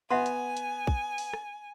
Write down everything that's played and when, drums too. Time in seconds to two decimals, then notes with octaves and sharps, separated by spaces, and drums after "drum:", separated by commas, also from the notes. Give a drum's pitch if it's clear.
0.10 B3 E5 F#5 G#5 C6
0.26 drum: hi-hat
0.57 drum: hi-hat
0.87 drum: kick
1.18 drum: open hi-hat
1.33 drum: rim click